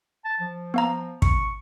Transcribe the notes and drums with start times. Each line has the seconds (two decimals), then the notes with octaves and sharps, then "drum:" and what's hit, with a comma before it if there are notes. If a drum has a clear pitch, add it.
0.25 A5
0.41 F3
0.74 B3 F5 A#5
1.22 C#6, drum: kick